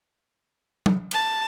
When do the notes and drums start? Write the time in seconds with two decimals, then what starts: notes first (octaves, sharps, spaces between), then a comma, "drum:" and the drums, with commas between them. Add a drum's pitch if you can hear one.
0.86 drum: tom F#3
1.11 A5, drum: cymbal